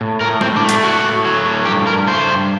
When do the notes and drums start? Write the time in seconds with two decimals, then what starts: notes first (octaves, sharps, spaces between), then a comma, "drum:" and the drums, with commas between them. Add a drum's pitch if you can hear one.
0.01 A2
0.21 A2 A#4
0.41 A2 C4, drum: tom G#3
0.56 D4
0.62 A3
0.69 D4, drum: hi-hat
0.83 A2 F#4
1.04 A2
1.25 F#3
1.45 A2
1.65 G2 G4
1.87 G2 A#4
2.07 A3 C5
2.28 G2